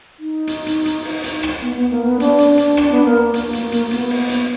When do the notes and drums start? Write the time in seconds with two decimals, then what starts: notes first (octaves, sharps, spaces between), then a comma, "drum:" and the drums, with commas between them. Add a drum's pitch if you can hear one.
0.19 D#4
0.47 drum: hi-hat
0.66 drum: hi-hat
0.86 drum: hi-hat
1.05 drum: open hi-hat
1.24 drum: hi-hat
1.43 drum: rim click
1.62 B3
1.76 B3
1.91 A#3
2.05 B3
2.20 D4, drum: hi-hat
2.38 drum: hi-hat
2.48 D4
2.57 drum: hi-hat
2.77 D4, drum: rim click
2.91 B3
3.05 A#3
3.34 A#3, drum: hi-hat
3.53 drum: hi-hat
3.62 A#3
3.72 drum: hi-hat
3.82 A#3
3.91 B3, drum: hi-hat
4.10 drum: open hi-hat
4.29 drum: hi-hat